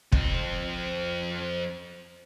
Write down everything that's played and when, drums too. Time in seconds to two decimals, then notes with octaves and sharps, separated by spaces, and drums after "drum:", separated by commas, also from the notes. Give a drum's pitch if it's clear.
0.12 F2 C4, drum: kick